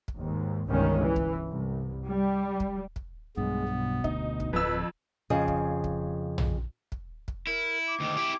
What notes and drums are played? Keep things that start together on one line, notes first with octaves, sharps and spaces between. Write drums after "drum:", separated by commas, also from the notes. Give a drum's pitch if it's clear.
drum: kick
D#2 G#2
G1 C2 G2 D#3 G#3 C#4
E3
drum: kick
C2
G3
drum: kick
drum: kick
B1 G2 G#3 B3
B2
D2 D#4, drum: kick
drum: kick
D1 F2 B4 E6
F2 C#3 G#4 D#5
drum: kick
drum: kick
drum: tom
drum: kick
drum: kick
E4 A#4
D6
D2 D#3
E4 G4